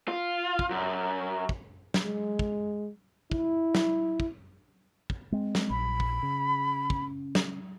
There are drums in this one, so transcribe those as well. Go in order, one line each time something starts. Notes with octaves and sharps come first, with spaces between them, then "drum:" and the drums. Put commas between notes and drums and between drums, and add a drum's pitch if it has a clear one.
F4
drum: kick
F#2
drum: kick
drum: snare
G#3
drum: kick
E4, drum: kick
drum: snare
drum: kick
drum: kick
G#3 C4
drum: snare
A#1 B5
drum: kick
C#3
drum: kick
drum: snare